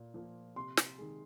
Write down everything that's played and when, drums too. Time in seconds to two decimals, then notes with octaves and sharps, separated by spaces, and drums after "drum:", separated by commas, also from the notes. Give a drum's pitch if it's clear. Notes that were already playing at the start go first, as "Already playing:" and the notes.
Already playing: A#2 A#3
0.14 F3 A#3
0.56 C3 C6
0.77 drum: snare
0.98 D#3 G#3